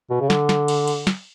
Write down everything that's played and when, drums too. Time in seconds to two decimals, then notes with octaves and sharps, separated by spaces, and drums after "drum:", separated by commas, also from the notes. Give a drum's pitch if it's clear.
0.10 B2
0.21 C#3
0.30 D3, drum: snare
0.49 drum: snare
0.68 drum: cymbal
0.88 drum: cymbal
1.07 drum: snare